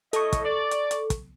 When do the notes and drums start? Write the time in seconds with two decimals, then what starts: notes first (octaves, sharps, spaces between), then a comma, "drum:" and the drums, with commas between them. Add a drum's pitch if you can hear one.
0.13 A2 A4 D#5 C#6, drum: hi-hat
0.33 drum: kick, hi-hat
0.44 D5
0.71 drum: hi-hat
0.91 drum: hi-hat
1.10 drum: kick, hi-hat